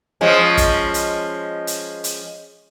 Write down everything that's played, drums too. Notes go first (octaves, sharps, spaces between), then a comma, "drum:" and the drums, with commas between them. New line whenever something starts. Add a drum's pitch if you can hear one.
F3 G#3 C#4
drum: kick, hi-hat
drum: hi-hat
drum: hi-hat
drum: hi-hat